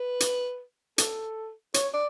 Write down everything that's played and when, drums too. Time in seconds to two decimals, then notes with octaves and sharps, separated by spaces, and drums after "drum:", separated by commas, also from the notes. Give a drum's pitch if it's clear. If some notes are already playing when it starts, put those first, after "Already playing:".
Already playing: B4
0.20 drum: hi-hat
0.98 A4, drum: hi-hat
1.74 C#5, drum: hi-hat
1.94 D5